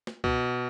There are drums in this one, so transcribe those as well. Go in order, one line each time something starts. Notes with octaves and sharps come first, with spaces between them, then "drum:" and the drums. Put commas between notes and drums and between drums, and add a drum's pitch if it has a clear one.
drum: snare
B2, drum: kick C2